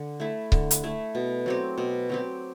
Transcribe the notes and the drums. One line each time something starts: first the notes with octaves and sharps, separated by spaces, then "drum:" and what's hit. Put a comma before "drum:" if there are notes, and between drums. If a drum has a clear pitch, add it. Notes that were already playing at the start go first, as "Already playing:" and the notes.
Already playing: D3
A3 E4
D3, drum: kick C#1
drum: hi-hat
A3 E4
B2
F#3 C4 G4
B2
F#3 C4 G4